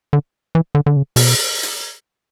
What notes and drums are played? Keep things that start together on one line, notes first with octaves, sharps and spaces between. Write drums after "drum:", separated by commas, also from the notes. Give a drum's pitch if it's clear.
D3
E3
D3
D3
C#3
B2, drum: open hi-hat
drum: hi-hat